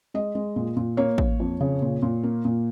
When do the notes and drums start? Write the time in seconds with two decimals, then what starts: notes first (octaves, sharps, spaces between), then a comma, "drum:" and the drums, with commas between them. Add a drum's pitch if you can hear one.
0.14 G#3 D#5
0.35 G#3
0.56 A#2
0.76 A#2
0.97 A#3 C#5
1.18 A#3, drum: kick A1
1.40 F2
1.60 C#3
1.82 A#2
2.02 A#2
2.23 A#3
2.45 A#2